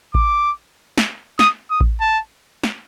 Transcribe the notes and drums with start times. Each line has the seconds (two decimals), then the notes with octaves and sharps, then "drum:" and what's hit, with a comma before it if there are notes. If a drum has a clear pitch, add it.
0.14 D6, drum: kick A1
0.98 drum: snare
1.39 D#6, drum: snare
1.71 D#6
1.81 drum: kick A1
2.01 A5
2.63 drum: snare